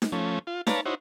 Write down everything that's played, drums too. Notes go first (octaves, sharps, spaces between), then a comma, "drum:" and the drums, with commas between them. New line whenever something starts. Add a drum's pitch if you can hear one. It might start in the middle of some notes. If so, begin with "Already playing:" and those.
drum: snare D#4
F3 A3 C#4
F4
B4 C#5 D5 F5 A5 A#5, drum: snare D#4
D#4 E4 F#4 C5 C#5